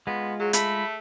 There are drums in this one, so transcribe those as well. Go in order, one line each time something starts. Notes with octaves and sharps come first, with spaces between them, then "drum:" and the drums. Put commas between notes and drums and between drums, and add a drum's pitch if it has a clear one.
G#3 B3 F4
F#3 G#4
A3 B5, drum: hi-hat